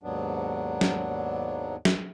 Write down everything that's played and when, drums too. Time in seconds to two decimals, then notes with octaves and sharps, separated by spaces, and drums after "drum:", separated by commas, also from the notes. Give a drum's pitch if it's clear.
0.03 D#2 G#2 F#3 B3 D4
0.81 drum: snare
1.85 drum: snare